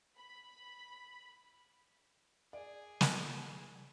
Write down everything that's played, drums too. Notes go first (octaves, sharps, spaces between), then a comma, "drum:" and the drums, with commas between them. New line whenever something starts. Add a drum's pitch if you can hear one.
B5
G#4 D5
drum: snare